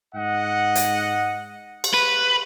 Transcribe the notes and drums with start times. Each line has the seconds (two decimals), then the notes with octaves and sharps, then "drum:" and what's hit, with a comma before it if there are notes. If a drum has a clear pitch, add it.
0.15 G#2 D#5 F#5
0.75 drum: hi-hat
1.84 drum: cymbal
1.94 B4